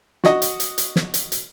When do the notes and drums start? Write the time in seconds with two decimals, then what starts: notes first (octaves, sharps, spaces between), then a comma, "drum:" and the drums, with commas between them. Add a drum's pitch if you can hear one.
0.24 F#4 D#5, drum: snare
0.42 drum: hi-hat
0.60 drum: hi-hat
0.78 drum: hi-hat
0.96 drum: snare
1.14 drum: hi-hat
1.32 drum: hi-hat